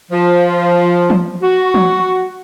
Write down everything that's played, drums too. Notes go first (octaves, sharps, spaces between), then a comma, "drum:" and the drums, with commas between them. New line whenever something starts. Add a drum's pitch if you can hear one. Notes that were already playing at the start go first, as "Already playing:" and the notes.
F3
drum: tom
F#4
drum: tom